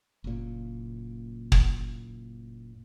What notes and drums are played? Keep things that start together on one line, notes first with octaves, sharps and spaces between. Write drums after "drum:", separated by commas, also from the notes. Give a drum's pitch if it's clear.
F#1 A#2
drum: kick